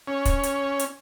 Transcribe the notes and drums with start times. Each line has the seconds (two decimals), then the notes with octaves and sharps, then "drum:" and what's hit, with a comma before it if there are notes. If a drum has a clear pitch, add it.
0.07 C#4
0.25 drum: kick, hi-hat
0.43 drum: hi-hat
0.79 drum: hi-hat